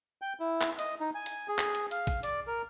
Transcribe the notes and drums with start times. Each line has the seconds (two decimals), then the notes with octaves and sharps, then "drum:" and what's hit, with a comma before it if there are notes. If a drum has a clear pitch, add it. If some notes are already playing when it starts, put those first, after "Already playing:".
0.22 G5
0.40 E4
0.61 drum: clap
0.79 D#5, drum: hi-hat
1.00 D#4
1.15 G#5
1.26 drum: hi-hat
1.48 G#4
1.59 drum: clap
1.75 drum: hi-hat
1.91 F5, drum: hi-hat
2.07 drum: kick, hi-hat
2.23 D5, drum: hi-hat
2.47 A#4